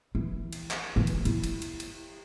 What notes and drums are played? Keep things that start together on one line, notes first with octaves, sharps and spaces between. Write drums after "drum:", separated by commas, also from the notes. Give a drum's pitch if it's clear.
E3
drum: cymbal
drum: clap
E3
drum: cymbal
E4, drum: cymbal
drum: cymbal
drum: cymbal
drum: cymbal